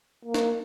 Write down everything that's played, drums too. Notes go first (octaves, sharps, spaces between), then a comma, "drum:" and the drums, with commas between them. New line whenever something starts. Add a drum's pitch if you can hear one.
A#3
drum: snare